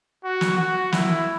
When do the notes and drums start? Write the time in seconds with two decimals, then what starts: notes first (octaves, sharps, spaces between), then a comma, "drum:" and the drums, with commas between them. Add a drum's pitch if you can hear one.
0.24 F#4
0.41 drum: snare
0.58 F#4
0.92 E4, drum: snare